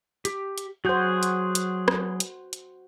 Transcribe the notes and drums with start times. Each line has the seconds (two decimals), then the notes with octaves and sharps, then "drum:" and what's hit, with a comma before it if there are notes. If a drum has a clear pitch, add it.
0.25 G4, drum: hi-hat
0.58 drum: hi-hat
0.85 F#3 F#4 G#4 C5 G6
1.23 drum: hi-hat
1.55 drum: hi-hat
1.88 drum: rim click
2.20 drum: hi-hat
2.53 drum: hi-hat